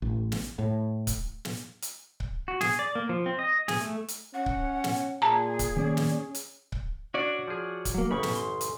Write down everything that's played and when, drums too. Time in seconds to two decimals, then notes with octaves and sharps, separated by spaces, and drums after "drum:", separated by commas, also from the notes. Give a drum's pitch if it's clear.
0.02 A1
0.32 drum: snare
0.59 A2
1.07 drum: kick C#1, hi-hat
1.45 drum: snare
1.82 drum: hi-hat
2.20 drum: kick C#1
2.48 F#4
2.61 G#4, drum: snare
2.79 D5
2.95 A#3
3.09 F3
3.26 C4
3.39 D#5
3.68 G#4, drum: snare
3.80 A3
4.08 drum: hi-hat
4.34 C#4 F#5
4.46 drum: kick C#1
4.84 drum: snare
5.22 A#2 G#4 A5 A#5
5.59 drum: kick C#1, hi-hat
5.76 D#3 A#3 C#4 D5
5.97 drum: snare
6.35 drum: hi-hat
6.72 drum: kick C#1
7.14 C#4 D4 F#4 C#5 D5
7.48 F3 G#4
7.85 drum: kick C#1, hi-hat
7.94 F#3 A#3
8.11 A1 F#2 C#3 B5 C#6
8.23 drum: snare
8.35 C6
8.61 drum: hi-hat